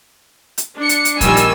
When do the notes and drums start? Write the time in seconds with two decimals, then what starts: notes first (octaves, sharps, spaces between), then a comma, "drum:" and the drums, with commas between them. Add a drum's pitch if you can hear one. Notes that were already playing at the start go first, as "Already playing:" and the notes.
0.58 drum: hi-hat
0.78 D4 C#7
0.89 drum: hi-hat
1.05 drum: hi-hat
1.21 A#1 D#3 G3 G#5 E6, drum: kick, hi-hat
1.37 drum: hi-hat